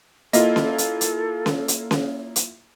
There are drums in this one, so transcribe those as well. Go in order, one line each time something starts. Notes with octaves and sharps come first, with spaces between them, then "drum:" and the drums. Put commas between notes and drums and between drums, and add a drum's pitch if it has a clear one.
A#3 E4 F4 A4 D#5, drum: hi-hat
drum: snare C#4
drum: hi-hat
drum: hi-hat
drum: snare C#4
drum: hi-hat
drum: snare C#4
drum: hi-hat